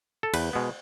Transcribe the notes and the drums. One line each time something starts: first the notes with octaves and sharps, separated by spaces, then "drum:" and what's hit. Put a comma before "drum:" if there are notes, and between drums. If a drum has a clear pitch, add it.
A4
E2 B4, drum: cymbal
B2 G#3 B3